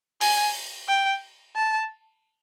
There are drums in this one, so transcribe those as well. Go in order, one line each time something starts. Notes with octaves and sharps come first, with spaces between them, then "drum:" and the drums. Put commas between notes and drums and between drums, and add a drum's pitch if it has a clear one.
G#5, drum: open hi-hat
G5
A5